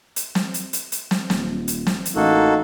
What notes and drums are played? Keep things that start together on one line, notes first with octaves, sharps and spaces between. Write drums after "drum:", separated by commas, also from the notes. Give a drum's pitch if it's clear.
drum: hi-hat
drum: snare
drum: hi-hat
drum: hi-hat
drum: hi-hat
drum: snare
D#1, drum: snare
drum: hi-hat
drum: snare
drum: hi-hat
A1 A#3 D#4 F#4 A4